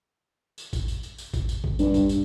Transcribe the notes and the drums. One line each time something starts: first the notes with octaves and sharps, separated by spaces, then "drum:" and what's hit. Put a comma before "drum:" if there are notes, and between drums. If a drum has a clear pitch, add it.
drum: tambourine
drum: kick A1, tambourine
drum: tambourine
drum: tambourine
drum: tambourine
drum: kick A1, tambourine
drum: tambourine
drum: kick A1
G2, drum: tambourine
drum: kick A1, tambourine
drum: tambourine